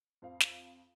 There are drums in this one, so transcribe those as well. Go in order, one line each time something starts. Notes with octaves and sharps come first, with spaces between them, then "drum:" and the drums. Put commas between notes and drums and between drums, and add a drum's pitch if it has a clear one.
F2 C5 F5
drum: snare